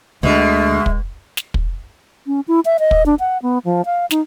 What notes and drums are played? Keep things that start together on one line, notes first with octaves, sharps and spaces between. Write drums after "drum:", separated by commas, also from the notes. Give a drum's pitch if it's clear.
D2 B2 D3 G#3 E5
drum: kick
drum: snare
drum: kick
C#4
E4
E5
D#5
drum: kick
D4
F#5
B3
F3
F5
D#4, drum: snare